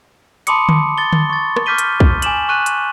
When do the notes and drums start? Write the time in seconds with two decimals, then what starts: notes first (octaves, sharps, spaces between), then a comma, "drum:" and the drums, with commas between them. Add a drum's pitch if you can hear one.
0.47 A5 B5 C6 D6 D#6 C#7, drum: hi-hat
0.69 drum: tom D3
0.98 A6 G7
1.13 drum: tom D3
1.30 C#6 A6
1.56 drum: rim click
1.66 D6 F6 G6 B6 D#7 G7
1.78 drum: hi-hat
2.00 drum: kick
2.22 G#5 D6 E7 F#7, drum: hi-hat
2.49 C#6 F#6 D#7
2.66 drum: hi-hat